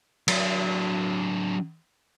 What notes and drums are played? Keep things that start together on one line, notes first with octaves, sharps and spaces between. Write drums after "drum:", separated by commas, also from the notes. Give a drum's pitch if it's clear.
F#3 D4, drum: cymbal